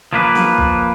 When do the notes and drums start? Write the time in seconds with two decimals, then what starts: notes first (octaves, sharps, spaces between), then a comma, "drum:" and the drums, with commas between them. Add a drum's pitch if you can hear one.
0.13 F3 A#3 B4
0.35 drum: snare
0.58 drum: kick